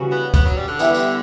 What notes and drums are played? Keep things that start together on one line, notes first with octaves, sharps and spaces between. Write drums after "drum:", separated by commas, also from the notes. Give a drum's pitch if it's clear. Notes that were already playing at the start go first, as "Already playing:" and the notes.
Already playing: C#3 E3 G3 C#4 F#4
B3
B3, drum: kick, tambourine
F#3
G3
D3
E3 G3 B3 E4 G4, drum: tambourine
drum: tambourine